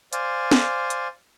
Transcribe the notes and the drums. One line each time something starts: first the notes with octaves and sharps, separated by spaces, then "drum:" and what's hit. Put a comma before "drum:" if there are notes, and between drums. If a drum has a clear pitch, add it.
C5 D5 F5 G#5, drum: hi-hat
drum: snare
drum: hi-hat